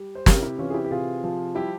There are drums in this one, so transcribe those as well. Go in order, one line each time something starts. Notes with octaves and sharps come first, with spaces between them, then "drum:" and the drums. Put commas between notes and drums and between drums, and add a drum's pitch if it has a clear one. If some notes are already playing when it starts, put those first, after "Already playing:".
Already playing: G3
C5
C3 G4 A#4, drum: snare
E4 G4
E3 C#4 F4
G#4
E4 G4
G4
C3 F4 G#4
F3
G3 E4 G4